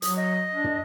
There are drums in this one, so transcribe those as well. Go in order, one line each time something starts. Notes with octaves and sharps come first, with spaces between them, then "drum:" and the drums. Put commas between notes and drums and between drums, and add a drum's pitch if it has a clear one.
F#3 D#6, drum: hi-hat
D#5
D4
drum: tom